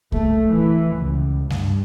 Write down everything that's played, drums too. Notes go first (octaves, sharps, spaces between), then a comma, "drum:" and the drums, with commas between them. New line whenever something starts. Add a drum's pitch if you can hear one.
A3, drum: kick C2
E3
C#2
G2, drum: snare G3